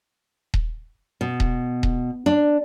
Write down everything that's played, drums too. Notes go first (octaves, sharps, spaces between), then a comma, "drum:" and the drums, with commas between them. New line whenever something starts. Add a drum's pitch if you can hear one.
drum: kick D#1
B2
drum: kick D#1
drum: kick D#1
D4